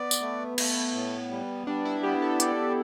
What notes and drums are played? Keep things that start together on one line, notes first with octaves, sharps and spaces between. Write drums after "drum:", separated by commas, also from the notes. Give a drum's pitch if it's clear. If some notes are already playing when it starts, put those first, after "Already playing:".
Already playing: B3 D5
drum: tambourine
A3
A3, drum: cymbal
A2
G3
G3 D4
E4
B3 G4
A4
D5, drum: hi-hat